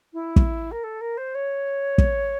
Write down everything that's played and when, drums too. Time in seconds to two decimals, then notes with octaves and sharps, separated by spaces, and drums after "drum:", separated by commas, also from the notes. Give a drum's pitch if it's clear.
0.13 E4
0.36 drum: kick
0.71 A#4
0.83 A4
1.00 A#4
1.17 C5
1.34 C#5
1.98 drum: kick